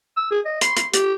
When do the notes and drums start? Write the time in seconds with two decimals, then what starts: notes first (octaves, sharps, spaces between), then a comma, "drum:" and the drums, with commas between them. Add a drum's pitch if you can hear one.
0.17 E6
0.31 G#4
0.45 D#5
0.61 C6, drum: hi-hat
0.77 C6, drum: hi-hat
0.94 G4, drum: hi-hat